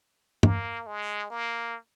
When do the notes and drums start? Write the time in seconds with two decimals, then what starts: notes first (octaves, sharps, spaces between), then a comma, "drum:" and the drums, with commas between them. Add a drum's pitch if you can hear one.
0.43 A#3, drum: tom G2
0.87 G#3
1.31 A#3